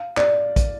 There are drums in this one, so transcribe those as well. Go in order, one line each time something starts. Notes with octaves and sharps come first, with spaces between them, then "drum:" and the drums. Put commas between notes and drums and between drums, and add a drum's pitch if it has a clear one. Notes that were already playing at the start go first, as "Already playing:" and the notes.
Already playing: F5
D5, drum: clap
drum: kick A#1, hi-hat